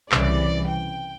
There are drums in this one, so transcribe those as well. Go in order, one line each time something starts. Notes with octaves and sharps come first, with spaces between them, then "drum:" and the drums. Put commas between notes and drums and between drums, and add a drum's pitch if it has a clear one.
C2 C#3 E3 D5, drum: clap
G5